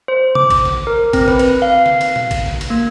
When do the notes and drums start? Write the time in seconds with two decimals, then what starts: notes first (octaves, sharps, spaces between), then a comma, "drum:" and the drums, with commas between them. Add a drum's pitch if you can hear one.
0.08 C5
0.35 D6, drum: tom C3
0.50 drum: kick A1, cymbal
0.65 drum: snare
0.87 A#4
1.13 C4, drum: kick A1, cymbal
1.28 B4, drum: snare
1.39 B4, drum: cymbal
1.62 F5
1.86 drum: snare
2.01 drum: cymbal
2.16 drum: tom
2.31 drum: kick A1, cymbal
2.46 drum: snare
2.61 drum: cymbal
2.70 A#3